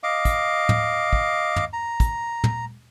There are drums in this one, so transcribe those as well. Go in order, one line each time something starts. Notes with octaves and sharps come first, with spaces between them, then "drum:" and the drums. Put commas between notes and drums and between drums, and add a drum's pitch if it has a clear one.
D#5 F5 D6
drum: kick, hi-hat
drum: tom
drum: kick
drum: tom
A#5
drum: kick, hi-hat
drum: tom